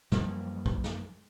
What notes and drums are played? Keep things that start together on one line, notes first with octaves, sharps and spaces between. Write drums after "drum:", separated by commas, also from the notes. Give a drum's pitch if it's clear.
F#2 F3 G3 A#3, drum: snare
drum: kick A#1
drum: snare